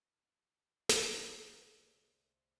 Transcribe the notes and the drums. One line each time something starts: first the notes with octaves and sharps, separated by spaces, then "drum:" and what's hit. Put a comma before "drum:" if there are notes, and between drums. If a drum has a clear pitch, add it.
drum: snare
C2 D3 A3 D5
G#4 C5 E5